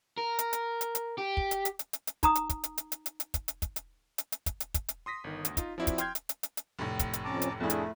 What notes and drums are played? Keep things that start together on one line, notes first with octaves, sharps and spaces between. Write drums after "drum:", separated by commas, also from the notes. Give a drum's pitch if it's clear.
A#4
drum: hi-hat
drum: hi-hat
drum: hi-hat
drum: hi-hat
G4
drum: kick
drum: hi-hat
drum: hi-hat
drum: hi-hat
drum: hi-hat
drum: hi-hat
D#4 A#5 D#6, drum: kick, hi-hat
drum: hi-hat
drum: kick, hi-hat
drum: hi-hat
drum: hi-hat
drum: hi-hat
drum: hi-hat
drum: hi-hat
drum: kick, hi-hat
drum: hi-hat
drum: kick, hi-hat
drum: hi-hat
drum: hi-hat
drum: hi-hat
drum: kick, hi-hat
drum: hi-hat
drum: kick, hi-hat
drum: hi-hat
C6 D#6 A#6 B6
G1 D#3
D2, drum: hi-hat
D#4 F4, drum: kick, hi-hat
F3 C4 E4 F#4 D5
drum: kick, hi-hat
G5 C6 F6 G6 G#6 C7, drum: hi-hat
drum: hi-hat
drum: hi-hat
drum: hi-hat
drum: hi-hat
F1 A2
drum: kick, hi-hat
drum: hi-hat
F2 C#4 A5 A#5 D6
drum: hi-hat
F2 A3 D4 E4 G#4
drum: hi-hat